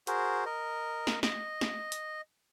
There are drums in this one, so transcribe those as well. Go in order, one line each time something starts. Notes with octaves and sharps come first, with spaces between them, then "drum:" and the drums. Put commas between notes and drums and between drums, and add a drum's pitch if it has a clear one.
F#4 G#4 A#4 C5, drum: hi-hat
A#4 D#5
drum: snare
D#5, drum: snare
drum: snare
drum: hi-hat